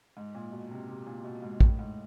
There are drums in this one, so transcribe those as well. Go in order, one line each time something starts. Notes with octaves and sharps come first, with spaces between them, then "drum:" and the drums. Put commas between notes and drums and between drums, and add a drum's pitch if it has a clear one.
G#2
A#2
B2
C3
C3
A#2
B2
G#2
A2, drum: kick
G#2